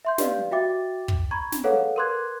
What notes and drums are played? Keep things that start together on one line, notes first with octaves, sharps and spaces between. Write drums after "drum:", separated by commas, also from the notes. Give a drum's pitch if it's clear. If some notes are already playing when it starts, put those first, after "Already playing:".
E5 C6 G6
G4 B4 D5 D#5 F5, drum: snare
F#4 E5 G5 D6 A6
drum: kick
A#5 B5 C#6 G#6
drum: snare
G#4 A4 B4 C#5 F5 F#5
A#4 B4 C6 D6 F#6 G#6